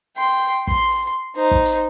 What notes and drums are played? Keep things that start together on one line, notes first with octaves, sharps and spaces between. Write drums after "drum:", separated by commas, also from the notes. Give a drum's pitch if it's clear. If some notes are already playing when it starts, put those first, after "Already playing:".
G5 C6
C6, drum: kick
D#4 C5
drum: kick
drum: hi-hat